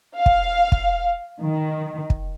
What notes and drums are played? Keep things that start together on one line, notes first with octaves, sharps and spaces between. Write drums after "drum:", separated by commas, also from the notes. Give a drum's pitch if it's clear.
F5
drum: kick
drum: kick
D#3
drum: kick